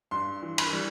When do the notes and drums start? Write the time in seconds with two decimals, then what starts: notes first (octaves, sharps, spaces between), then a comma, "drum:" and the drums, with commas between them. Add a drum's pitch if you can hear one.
0.11 G2 C6
0.42 E3
0.58 B5, drum: cymbal
0.73 G3